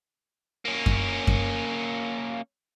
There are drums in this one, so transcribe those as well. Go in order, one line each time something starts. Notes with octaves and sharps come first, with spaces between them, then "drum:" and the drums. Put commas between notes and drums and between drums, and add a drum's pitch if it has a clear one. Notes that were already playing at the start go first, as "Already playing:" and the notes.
A#3 C#4
drum: kick F#2
drum: kick F#2